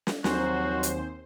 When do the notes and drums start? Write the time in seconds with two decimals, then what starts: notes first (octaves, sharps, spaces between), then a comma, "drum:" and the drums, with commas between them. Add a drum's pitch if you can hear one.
0.07 drum: snare
0.24 D#2 F3 F#3 C4 D#4 F#4 C5 G#5, drum: snare
0.83 drum: hi-hat